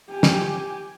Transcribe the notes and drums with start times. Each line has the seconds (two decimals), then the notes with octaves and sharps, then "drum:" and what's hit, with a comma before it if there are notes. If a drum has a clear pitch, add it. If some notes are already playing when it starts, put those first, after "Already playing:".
0.11 G4 G#5
0.23 drum: snare